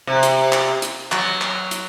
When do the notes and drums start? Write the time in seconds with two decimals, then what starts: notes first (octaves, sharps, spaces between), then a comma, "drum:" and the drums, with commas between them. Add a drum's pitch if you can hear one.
0.07 C3
0.23 drum: hi-hat
0.53 drum: clap
0.82 drum: hi-hat
1.12 F#3, drum: clap
1.42 drum: clap
1.71 drum: hi-hat